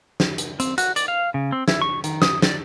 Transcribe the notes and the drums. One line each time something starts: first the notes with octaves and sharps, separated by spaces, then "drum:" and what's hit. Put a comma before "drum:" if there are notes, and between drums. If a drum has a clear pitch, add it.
drum: snare
drum: hi-hat
C4, drum: hi-hat
F#4, drum: hi-hat
D5, drum: hi-hat
F5
C#3
C4
E4, drum: snare
C#6
D#3, drum: hi-hat
D#6, drum: snare
D5, drum: snare